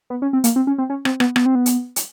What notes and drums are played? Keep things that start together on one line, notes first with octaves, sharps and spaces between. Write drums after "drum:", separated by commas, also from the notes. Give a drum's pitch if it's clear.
B3
C#4
C4
A#3, drum: hi-hat
C4
C#4
C4
C#4
C4, drum: rim click
B3, drum: rim click
B3, drum: rim click
C4
B3
drum: hi-hat
drum: hi-hat